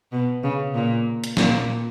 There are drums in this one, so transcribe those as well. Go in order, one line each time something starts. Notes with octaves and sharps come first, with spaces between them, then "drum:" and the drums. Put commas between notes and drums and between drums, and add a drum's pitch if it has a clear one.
B2
C#3
A#2
drum: hi-hat
A#2, drum: snare